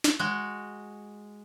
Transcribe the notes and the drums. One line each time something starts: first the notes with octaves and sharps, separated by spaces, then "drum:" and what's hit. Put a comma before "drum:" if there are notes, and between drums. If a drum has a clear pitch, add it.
drum: snare
G#3 F#4